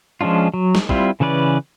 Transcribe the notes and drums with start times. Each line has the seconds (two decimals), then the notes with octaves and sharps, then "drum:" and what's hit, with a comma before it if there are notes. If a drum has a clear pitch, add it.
0.21 F3 G#3 C#4 D4 F4
0.54 F#3
0.75 drum: snare
0.89 G3 C4 E4 F4, drum: kick
1.20 C#3 E3 C#4 B4 D5